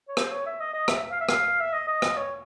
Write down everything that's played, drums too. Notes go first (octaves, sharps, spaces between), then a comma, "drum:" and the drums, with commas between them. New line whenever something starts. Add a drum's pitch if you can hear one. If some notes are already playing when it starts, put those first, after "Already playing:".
C#5
C5, drum: rim click
C#5
E5
D#5
D#5
E5, drum: rim click
F5
E5
F5, drum: rim click
E5
D#5
D#5
drum: rim click
C#5